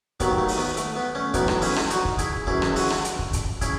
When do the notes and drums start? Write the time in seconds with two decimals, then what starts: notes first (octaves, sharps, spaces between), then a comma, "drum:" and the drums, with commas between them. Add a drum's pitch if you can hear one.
0.20 D#2 D#3 F#3 B3, drum: kick, hi-hat
0.38 A3
0.48 drum: open hi-hat
0.58 B3
0.77 A3, drum: hi-hat
0.96 B3
1.15 A3 C#4
1.34 B1 A2 E3 B3 D#4, drum: kick, hi-hat
1.48 drum: rim click
1.62 C#4 E4, drum: open hi-hat
1.76 drum: rim click
1.90 D#4 F#4, drum: hi-hat
2.05 drum: kick
2.19 E4 G#4, drum: kick, hi-hat
2.47 F#2 C#3 E3 E4 G#4, drum: kick
2.62 drum: rim click
2.76 F#4 A4, drum: open hi-hat
2.90 drum: rim click
3.05 drum: hi-hat
3.19 drum: kick
3.33 drum: kick, hi-hat
3.61 C#3 E4 G#4, drum: kick, hi-hat